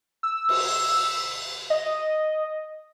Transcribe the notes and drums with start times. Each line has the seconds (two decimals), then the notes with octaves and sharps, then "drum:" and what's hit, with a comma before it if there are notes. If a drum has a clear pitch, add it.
0.23 E6
0.49 drum: cymbal
1.70 D#5